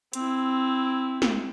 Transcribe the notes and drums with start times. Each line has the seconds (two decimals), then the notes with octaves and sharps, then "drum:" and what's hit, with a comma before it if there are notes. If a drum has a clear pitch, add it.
0.13 C4 E4, drum: hi-hat
1.22 drum: snare